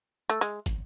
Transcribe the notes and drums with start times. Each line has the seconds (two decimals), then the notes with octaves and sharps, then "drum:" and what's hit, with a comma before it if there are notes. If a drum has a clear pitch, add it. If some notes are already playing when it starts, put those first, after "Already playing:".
0.30 A3
0.41 G#3, drum: hi-hat
0.66 drum: kick, hi-hat